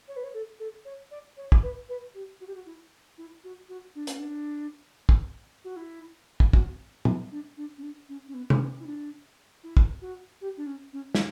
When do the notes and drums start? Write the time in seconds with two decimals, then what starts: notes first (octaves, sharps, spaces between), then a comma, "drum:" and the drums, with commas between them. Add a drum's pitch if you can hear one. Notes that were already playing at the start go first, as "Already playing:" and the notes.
0.08 C#5
0.16 B4
0.24 C#5
0.34 A4
0.60 A4
0.85 C#5
1.11 D5
1.37 C#5
1.52 drum: kick
1.63 B4
1.89 B4
2.14 G4
2.41 F#4
2.47 G4
2.55 F#4
2.66 E4
3.18 E4
3.44 F#4
3.69 F#4
3.95 D4
4.07 C#4, drum: hi-hat
4.19 D4
5.09 drum: kick
5.65 F#4
5.76 E4
6.40 drum: kick
6.53 F#4, drum: kick
7.05 B3, drum: tom A#2
7.31 D4
7.57 D4
7.78 C#4
7.83 D4
8.09 C#4
8.28 C#4
8.34 B3
8.50 D4, drum: tom C3
8.60 C#4
8.80 E4
8.86 D4
9.63 E4
9.77 drum: kick
10.02 F#4
10.41 G4
10.57 D4
10.67 C#4
10.93 C#4
11.15 E4, drum: snare